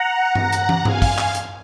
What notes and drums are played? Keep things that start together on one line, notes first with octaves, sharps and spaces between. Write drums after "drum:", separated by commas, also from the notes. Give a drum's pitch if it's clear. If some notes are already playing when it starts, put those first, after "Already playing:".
Already playing: F#5 A#5
F#5 A#5, drum: tom G2
drum: hi-hat
drum: tom
F5 G#5, drum: tom G2
drum: kick, open hi-hat
drum: clap
drum: hi-hat